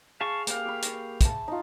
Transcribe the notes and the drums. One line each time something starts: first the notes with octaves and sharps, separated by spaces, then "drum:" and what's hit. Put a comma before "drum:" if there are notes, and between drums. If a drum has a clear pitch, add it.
G#4 F5 A5 C#6
A#3 G4 F5, drum: hi-hat
B5 C#6 D6
drum: hi-hat
E5 A5, drum: kick, hi-hat
D#4 F4